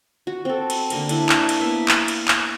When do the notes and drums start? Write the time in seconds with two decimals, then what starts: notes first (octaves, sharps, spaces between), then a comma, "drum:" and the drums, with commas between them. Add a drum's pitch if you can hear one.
0.27 F#4
0.45 C4 A4
0.70 drum: cymbal
0.90 D3 A#3 A#4, drum: cymbal
1.09 D4 E4, drum: cymbal
1.29 drum: clap
1.49 drum: cymbal
1.61 A#3 B3 E5
1.88 drum: clap
2.08 drum: cymbal
2.28 drum: clap